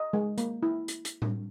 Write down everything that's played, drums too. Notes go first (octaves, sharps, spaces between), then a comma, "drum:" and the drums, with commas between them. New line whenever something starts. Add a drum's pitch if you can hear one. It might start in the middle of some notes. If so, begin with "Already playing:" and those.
Already playing: D#5
G#3
A#3, drum: hi-hat
E4
drum: hi-hat
drum: hi-hat
drum: tom A2